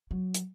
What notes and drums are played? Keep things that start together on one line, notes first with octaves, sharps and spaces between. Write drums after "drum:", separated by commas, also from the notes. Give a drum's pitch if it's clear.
F#3
drum: hi-hat